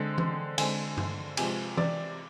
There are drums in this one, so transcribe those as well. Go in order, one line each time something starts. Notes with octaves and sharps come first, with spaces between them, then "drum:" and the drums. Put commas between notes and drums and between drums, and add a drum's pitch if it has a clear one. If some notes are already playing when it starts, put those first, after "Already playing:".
Already playing: D3 G#3 C4
drum: tom E3
D3 G#3 C4 G#5, drum: cymbal
drum: tom G2
C3 F3 G#3 G#5, drum: cymbal
D5, drum: tom E3